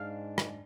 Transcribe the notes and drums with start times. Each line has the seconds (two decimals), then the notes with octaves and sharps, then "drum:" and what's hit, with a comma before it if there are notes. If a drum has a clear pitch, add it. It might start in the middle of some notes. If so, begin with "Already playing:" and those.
Already playing: G#2 G#3 D4 F5
0.38 drum: rim click